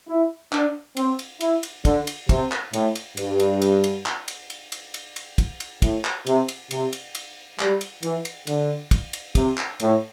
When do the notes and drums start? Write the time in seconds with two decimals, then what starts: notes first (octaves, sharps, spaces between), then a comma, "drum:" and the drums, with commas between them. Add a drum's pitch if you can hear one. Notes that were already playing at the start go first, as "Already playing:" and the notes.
0.09 E4
0.52 D4, drum: clap
0.97 C4, drum: cymbal
1.19 drum: cymbal
1.41 E4, drum: cymbal
1.63 drum: cymbal
1.85 D3, drum: kick, cymbal
2.07 drum: cymbal
2.29 C3, drum: kick, cymbal
2.51 drum: clap
2.73 A2, drum: cymbal
2.95 drum: cymbal
3.17 G2, drum: cymbal
3.40 drum: cymbal
3.62 drum: cymbal
3.84 drum: cymbal
4.06 drum: clap
4.28 drum: cymbal
4.50 drum: cymbal
4.72 drum: cymbal
4.94 drum: cymbal
5.16 drum: cymbal
5.38 drum: kick, cymbal
5.60 drum: cymbal
5.82 A2, drum: kick, cymbal
6.04 drum: clap
6.27 C3, drum: cymbal
6.49 drum: cymbal
6.71 C3, drum: cymbal
6.93 drum: cymbal
7.15 drum: cymbal
7.59 G3, drum: clap
7.81 drum: cymbal
8.03 E3, drum: cymbal
8.25 drum: cymbal
8.47 D3, drum: cymbal
8.91 drum: kick, cymbal
9.13 drum: cymbal
9.35 C3, drum: kick, cymbal
9.57 drum: clap
9.80 A2, drum: cymbal